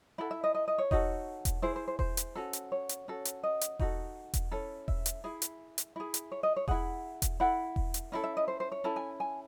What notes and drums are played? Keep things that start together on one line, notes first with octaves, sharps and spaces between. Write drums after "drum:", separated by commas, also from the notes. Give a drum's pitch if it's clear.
E4 A4 F#5
E5
D#5
D#5
D#5
C#5
D#4 F#4 A4, drum: kick E1
drum: kick E1, hi-hat
E4 G#4 C5
C5
C5
C5, drum: kick E1
drum: hi-hat
C#4 F#4 A4
drum: hi-hat
C#5
drum: hi-hat
C#4 F#4 A4
drum: hi-hat
D#5
drum: hi-hat
D#4 F#4 A4, drum: kick E1
drum: kick E1, hi-hat
C#4 E4 A4
E5, drum: kick E1
drum: hi-hat
E4 G#4
drum: hi-hat
drum: hi-hat
E4 G#4
drum: hi-hat
C#5
D#5
C#5
E4 G#4 F#5, drum: kick E1
drum: kick E1, hi-hat
E4 A4 F#5
drum: kick E1
drum: hi-hat
C#4 E4 A4
E5
D#5
C5
C5
C#5
C#4 E4 A4 A5
G#5
G#5